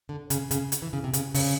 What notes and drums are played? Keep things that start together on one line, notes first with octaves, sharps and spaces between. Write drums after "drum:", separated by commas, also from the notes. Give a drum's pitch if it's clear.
D3
C#3, drum: hi-hat
C#3, drum: hi-hat
drum: hi-hat
E3
C#3
C3
C#3, drum: hi-hat
C#3, drum: open hi-hat